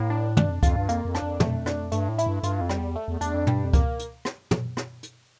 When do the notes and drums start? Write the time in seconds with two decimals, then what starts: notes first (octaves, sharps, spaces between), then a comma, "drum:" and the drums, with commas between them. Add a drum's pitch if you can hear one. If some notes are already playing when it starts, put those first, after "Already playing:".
Already playing: A2 A#3
0.10 D4
0.37 G2 D4, drum: tom
0.50 F2
0.63 F2 F4, drum: kick C#2, hi-hat
0.76 G2
0.89 F2 A#3, drum: hi-hat
1.05 F2
1.15 D4, drum: rim click
1.22 F2
1.40 A3, drum: tom
1.66 D4, drum: rim click
1.92 G2 A3, drum: hi-hat
2.09 A2
2.18 E4, drum: hi-hat
2.27 G2
2.43 G2 F4, drum: hi-hat
2.61 F2
2.69 G3, drum: rim click
2.78 E2
2.96 A3
3.08 E2
3.21 E2 D4, drum: hi-hat
3.35 F2
3.47 G2 G3, drum: tom
3.65 F2
3.73 A#3, drum: kick C#2, hi-hat
3.99 drum: hi-hat
4.25 drum: rim click
4.51 drum: tom
4.77 drum: rim click
5.03 drum: hi-hat